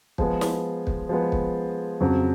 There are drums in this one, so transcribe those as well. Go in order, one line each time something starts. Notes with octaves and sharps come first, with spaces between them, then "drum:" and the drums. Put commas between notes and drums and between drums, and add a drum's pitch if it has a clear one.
F3 G#3 B3, drum: kick
drum: snare
drum: kick
F3 G#3 B3
drum: kick
F2 C#3 F#3